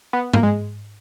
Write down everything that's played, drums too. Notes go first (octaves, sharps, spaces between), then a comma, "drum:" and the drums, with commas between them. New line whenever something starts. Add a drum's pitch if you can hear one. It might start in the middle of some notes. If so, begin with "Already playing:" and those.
B3
A#3, drum: tom G#2
G#3